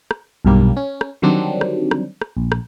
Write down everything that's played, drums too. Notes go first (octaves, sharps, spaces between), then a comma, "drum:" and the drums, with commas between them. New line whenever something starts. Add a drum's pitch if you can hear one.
drum: rim click
B1 G2 A#2 G3 A#3
C#4
drum: rim click
D3 D#3 F#3 G3 C4 D4
drum: rim click
drum: rim click
drum: rim click
A#1
drum: rim click